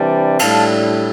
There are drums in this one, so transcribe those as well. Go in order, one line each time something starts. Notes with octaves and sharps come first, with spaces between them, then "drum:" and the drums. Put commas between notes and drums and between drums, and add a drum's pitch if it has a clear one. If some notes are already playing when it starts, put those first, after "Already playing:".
Already playing: C3 E3 G3 D4
A2 G3 D4 F5 A5, drum: cymbal